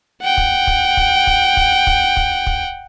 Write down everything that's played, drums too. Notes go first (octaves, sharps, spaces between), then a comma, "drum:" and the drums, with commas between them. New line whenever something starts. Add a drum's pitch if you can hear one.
F#5 G5
drum: kick
drum: kick
drum: kick
drum: kick
drum: kick
drum: kick
drum: kick
drum: kick